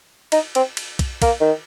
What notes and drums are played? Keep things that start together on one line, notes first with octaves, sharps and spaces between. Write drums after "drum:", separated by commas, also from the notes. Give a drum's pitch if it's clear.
D#4, drum: cymbal
C4, drum: cymbal
drum: cymbal
drum: kick, cymbal
A#3, drum: kick, cymbal
D#3